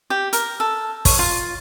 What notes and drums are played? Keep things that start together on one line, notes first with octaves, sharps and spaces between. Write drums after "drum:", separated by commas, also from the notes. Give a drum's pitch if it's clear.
G4
A#4, drum: hi-hat
A4
C#5, drum: kick, open hi-hat
F4